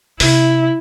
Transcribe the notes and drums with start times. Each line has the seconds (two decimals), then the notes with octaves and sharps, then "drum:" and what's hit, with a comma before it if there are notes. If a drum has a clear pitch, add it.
0.20 C3 E4, drum: open hi-hat